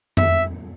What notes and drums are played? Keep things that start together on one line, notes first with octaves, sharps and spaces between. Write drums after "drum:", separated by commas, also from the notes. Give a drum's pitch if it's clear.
E5, drum: tom F2